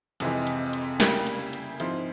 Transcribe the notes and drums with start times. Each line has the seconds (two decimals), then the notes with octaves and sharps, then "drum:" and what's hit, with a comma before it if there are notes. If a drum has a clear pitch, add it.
0.20 F2 C3 E3 G#3, drum: hi-hat
0.47 drum: hi-hat
0.73 drum: hi-hat
1.00 C#3 G3 A#3 E4 G4, drum: snare
1.27 drum: hi-hat
1.53 drum: hi-hat
1.80 G#2 F3 C4 E4, drum: hi-hat